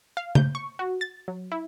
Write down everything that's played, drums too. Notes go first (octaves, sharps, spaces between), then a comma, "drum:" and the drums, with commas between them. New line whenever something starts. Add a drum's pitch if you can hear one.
F5
G6, drum: tom C#3
C#6
F#4
A6
F#3
E4